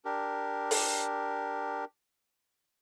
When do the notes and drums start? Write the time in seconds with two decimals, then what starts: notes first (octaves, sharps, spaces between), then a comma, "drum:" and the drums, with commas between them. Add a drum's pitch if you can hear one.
0.05 D4 G4 A#4
0.71 drum: open hi-hat